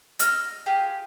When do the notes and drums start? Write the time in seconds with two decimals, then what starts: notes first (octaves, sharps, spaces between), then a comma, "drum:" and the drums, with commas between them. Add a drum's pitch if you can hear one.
0.19 D#5 E6 F6, drum: hi-hat
0.66 F4 G4 G#4